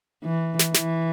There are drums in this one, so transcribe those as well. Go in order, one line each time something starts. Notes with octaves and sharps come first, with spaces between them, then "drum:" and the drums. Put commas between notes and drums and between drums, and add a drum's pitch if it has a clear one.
E3
drum: snare
E3, drum: snare